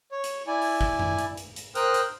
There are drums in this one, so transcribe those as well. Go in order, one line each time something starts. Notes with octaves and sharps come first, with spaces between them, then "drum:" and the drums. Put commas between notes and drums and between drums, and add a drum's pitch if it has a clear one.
C#5
drum: hi-hat
E4 D5 G#5
drum: open hi-hat
drum: kick
drum: tom F#2
drum: hi-hat
drum: hi-hat
drum: hi-hat
A#4 C5 G5 D#6 F6 F#6, drum: hi-hat
drum: hi-hat